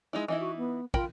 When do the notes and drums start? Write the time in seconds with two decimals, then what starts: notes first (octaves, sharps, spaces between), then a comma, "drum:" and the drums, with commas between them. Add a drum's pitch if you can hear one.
0.13 G#3 D#4 E4
0.28 E3 D#4 E4 D#5
0.40 F#4
0.57 B3
0.94 F4 A#4 G5 B5, drum: kick